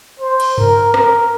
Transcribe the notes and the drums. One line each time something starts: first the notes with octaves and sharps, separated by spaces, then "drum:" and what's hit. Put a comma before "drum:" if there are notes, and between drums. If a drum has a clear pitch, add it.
C5
drum: cymbal
A#4, drum: tom G2
A#4, drum: rim click